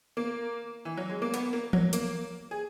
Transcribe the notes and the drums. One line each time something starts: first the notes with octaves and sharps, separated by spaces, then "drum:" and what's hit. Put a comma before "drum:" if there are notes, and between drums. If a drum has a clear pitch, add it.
A#3
E3
F#3
G#3
A#3
B3, drum: hi-hat
A#3
F#3, drum: tom E3
A#3, drum: hi-hat
G#4